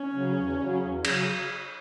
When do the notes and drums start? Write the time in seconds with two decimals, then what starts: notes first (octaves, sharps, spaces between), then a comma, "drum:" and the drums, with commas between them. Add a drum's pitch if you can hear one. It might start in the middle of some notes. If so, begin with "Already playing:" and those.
Already playing: C#4
0.13 C#3 F#3
0.36 E2
0.60 C#3 F#3
0.82 E2
1.05 C#3 F#3, drum: cymbal